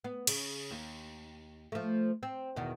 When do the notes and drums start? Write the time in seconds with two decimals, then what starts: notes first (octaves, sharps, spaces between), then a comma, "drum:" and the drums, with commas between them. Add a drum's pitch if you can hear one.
0.04 B3
0.27 C#3, drum: cymbal
0.71 D#2
1.72 F3 A3
2.23 C4
2.56 E2 B2 D#3